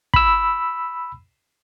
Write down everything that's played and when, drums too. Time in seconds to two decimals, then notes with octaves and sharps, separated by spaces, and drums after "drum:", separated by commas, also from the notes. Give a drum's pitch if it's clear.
0.14 B5 E6, drum: kick